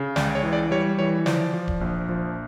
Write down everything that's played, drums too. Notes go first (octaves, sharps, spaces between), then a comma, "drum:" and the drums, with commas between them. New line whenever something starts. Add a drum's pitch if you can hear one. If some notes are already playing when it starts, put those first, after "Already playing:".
Already playing: C#3
C#2 D5, drum: snare
C#5
E3
D5
G3 C#5
E3 C#5
F3 D5, drum: snare
F3
drum: kick D1
A#1
F3